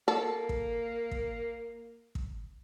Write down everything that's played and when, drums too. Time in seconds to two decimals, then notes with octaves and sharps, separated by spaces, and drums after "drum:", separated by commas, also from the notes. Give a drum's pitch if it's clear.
0.08 A#3 A4
0.49 drum: kick
1.11 drum: kick
2.15 drum: kick